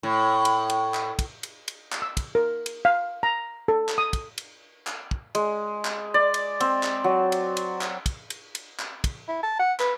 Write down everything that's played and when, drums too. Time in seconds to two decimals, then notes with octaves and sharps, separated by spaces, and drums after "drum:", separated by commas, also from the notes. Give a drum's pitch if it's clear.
0.03 A2
0.45 drum: cymbal
0.70 drum: cymbal
0.94 drum: clap
1.19 drum: kick, cymbal
1.43 drum: cymbal
1.68 drum: cymbal
1.92 drum: clap
2.02 E6
2.17 drum: kick, cymbal
2.35 A#4
2.66 drum: cymbal
2.85 F5
3.23 A#5
3.68 A4
3.89 drum: clap
3.98 D#6
4.13 drum: kick, cymbal
4.38 drum: cymbal
4.87 drum: clap
5.11 drum: kick
5.35 G#3, drum: cymbal
5.85 drum: clap
6.14 D5
6.34 drum: cymbal
6.60 C4, drum: cymbal
6.83 drum: clap
7.04 F#3
7.32 drum: cymbal
7.57 drum: cymbal
7.81 drum: clap
8.06 drum: kick, cymbal
8.30 drum: cymbal
8.55 drum: cymbal
8.79 drum: clap
9.04 drum: kick, cymbal
9.28 E4
9.43 A5
9.59 F#5
9.80 B4, drum: clap